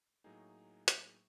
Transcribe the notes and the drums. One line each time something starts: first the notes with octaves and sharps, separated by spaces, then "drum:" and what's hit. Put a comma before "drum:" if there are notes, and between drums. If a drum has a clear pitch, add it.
A2 F#3 A#3 D#4 G#4
drum: hi-hat